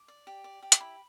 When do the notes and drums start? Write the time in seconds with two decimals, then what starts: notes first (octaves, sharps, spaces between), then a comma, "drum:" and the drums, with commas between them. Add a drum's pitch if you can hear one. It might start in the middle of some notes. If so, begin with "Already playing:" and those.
Already playing: D6
0.08 D5
0.27 G4
0.44 D5
0.62 G4
0.72 D6, drum: hi-hat
0.80 E4 B5